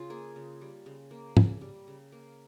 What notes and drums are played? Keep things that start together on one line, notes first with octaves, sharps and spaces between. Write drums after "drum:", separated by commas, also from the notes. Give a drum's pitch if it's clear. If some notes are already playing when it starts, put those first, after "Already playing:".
Already playing: C#3 C#4 F4
A#3 G#4
C#3
G3
C#3
A#3
C#3, drum: tom
G3
C#3
A#3